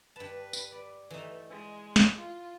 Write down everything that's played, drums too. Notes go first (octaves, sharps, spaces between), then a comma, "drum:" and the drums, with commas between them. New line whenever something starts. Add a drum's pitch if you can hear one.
G2 B4 A5
drum: tambourine
D5
E3 A3 D#4
G#3
drum: snare
F4